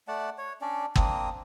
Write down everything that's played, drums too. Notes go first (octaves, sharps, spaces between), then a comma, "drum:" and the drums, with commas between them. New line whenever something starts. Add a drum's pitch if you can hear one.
A3 D5 F#5 A5
C#5
C#4 D4 D5
A#3 C4 D4 D#6, drum: kick G1